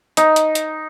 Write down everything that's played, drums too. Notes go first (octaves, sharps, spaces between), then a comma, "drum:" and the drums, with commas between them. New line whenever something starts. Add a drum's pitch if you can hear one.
D#4, drum: hi-hat
drum: hi-hat
drum: hi-hat